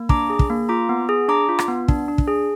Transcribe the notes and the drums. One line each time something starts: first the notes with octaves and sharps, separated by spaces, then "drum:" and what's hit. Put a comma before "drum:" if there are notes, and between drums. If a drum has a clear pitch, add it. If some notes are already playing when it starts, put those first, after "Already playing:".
Already playing: A#3
D4 A#5 D6, drum: kick
G#4
drum: kick
A#3
F4 A#5 D6
B3
G#4
D4 A#5 D6
F4
drum: rim click
B3
D4, drum: kick
D4
drum: kick
G#4